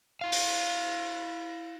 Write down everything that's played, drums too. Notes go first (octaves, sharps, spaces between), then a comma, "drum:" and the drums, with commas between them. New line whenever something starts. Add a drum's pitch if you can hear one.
E4 F5
drum: open hi-hat